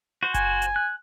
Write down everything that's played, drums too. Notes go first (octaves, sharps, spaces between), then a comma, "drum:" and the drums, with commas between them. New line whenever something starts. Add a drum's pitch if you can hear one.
F#4 C5
G#5, drum: kick F#1, hi-hat
drum: hi-hat
F#6